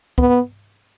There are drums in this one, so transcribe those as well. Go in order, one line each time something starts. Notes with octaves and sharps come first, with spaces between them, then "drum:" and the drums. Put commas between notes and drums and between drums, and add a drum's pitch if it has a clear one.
B3, drum: kick